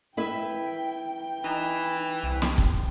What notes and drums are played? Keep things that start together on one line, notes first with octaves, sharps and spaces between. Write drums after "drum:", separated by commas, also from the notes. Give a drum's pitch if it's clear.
E4 B4 E5 G5
E3 D#4
C2
drum: snare
drum: kick